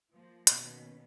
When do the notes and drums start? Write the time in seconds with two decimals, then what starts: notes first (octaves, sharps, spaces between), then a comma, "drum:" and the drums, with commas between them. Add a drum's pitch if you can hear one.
0.14 F3 A#3
0.47 B2 D#3 A#3 C#4 B4, drum: hi-hat